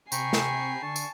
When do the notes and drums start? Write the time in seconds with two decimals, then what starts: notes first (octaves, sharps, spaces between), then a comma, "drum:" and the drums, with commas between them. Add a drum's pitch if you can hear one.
0.12 C3 G5 G#5 A#5 B5 C#6 C7, drum: tambourine
0.33 drum: snare
0.82 D3 A5 C#6
0.96 drum: tambourine